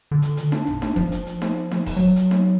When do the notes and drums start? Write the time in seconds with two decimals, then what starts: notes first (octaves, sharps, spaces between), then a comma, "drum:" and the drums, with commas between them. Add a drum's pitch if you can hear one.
0.11 D3
0.22 drum: hi-hat
0.37 drum: hi-hat
0.52 D4, drum: snare D#4
0.67 drum: tom G#1
0.82 drum: snare D#4
0.96 F3, drum: kick E1
1.12 drum: hi-hat
1.27 drum: hi-hat
1.42 drum: snare D#4
1.71 drum: snare D#4
1.86 drum: kick E1, open hi-hat
1.96 F#3
2.16 drum: hi-hat
2.31 drum: snare D#4